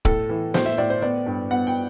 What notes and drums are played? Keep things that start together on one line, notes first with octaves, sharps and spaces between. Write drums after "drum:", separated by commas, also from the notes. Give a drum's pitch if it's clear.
A2 A4, drum: kick D1
E3
A2 C5, drum: snare
E5
A2 D5
C5
B3 D5
G2
B3 F#5
G5